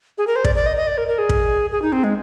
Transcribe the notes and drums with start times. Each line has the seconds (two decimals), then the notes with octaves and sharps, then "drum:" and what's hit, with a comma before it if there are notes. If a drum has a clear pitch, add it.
0.18 G#4
0.27 A#4
0.36 C5
0.44 D5, drum: kick
0.55 D5
0.66 D#5
0.77 D#5
0.87 D5
0.98 A#4
1.08 A#4
1.18 G#4
1.29 drum: kick
1.72 G#4
1.82 D#4
1.92 C4
2.04 G#3